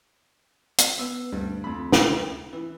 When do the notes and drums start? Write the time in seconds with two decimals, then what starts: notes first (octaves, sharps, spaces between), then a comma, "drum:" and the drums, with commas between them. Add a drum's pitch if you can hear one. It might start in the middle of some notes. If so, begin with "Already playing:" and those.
0.78 drum: hi-hat
0.99 B3 B4 E6
1.32 D2 G2 G3
1.64 F2 B5
1.92 drum: snare
2.53 E3 B4